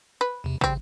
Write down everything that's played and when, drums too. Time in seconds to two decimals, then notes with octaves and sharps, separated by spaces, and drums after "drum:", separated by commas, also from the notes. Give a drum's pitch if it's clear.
0.21 B4
0.44 E2 C3
0.61 C#3 G3 C4, drum: kick